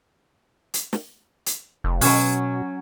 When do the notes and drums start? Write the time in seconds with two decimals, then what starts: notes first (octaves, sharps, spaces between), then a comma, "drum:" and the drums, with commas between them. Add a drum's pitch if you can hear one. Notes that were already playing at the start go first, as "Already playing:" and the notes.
0.74 drum: hi-hat
0.93 drum: snare
1.46 drum: hi-hat
1.84 F1
2.01 B2 F#3 C#4, drum: open hi-hat